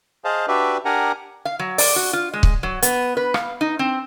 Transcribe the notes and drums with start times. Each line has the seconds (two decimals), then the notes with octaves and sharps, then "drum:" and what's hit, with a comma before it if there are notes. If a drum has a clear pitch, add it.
0.24 G#4 C5 D#5 F5 A5
0.48 D4 F#4 G4 B4 D5 E5
0.85 D4 G4 A#4 F#5 G#5 A#5
1.45 F5
1.59 F#3
1.78 D5, drum: open hi-hat
1.96 F#4
2.13 F4
2.33 G#3
2.43 drum: kick C#1
2.63 F#3
2.82 B3, drum: hi-hat
3.17 B4
3.34 F5, drum: rim click
3.61 D#4
3.79 C4